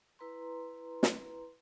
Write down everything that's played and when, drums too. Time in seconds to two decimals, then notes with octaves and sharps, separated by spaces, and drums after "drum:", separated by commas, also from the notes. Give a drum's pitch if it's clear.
0.19 E4 B4 A#5 C6
1.03 drum: snare